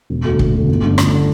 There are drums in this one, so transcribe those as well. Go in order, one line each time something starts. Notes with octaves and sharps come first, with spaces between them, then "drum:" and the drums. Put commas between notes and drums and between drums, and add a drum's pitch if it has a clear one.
E1
D2 D3
E1, drum: kick
D2 D3
G1
G2 D3 A3 D4
G1, drum: rim click
D3 A3 D4